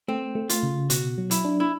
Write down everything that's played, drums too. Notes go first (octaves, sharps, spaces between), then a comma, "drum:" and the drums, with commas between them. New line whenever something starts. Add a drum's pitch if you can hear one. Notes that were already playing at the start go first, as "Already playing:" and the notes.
A3 C4
A3
F4, drum: hi-hat
C#3
B2 F#4, drum: hi-hat
F#3
E4, drum: hi-hat
D4
E4